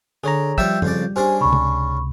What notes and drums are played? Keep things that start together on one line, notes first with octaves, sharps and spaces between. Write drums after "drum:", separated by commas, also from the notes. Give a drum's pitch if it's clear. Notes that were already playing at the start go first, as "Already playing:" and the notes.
D3 G#4 C#5 A#5
F3 G3 C#5 E5 G5 E6 G6, drum: kick
F2 C#3 G3 D5, drum: tom F#2
C#4 D4 G4 G#4 C5 G#5
C#2 C3 B5 C#6
drum: tom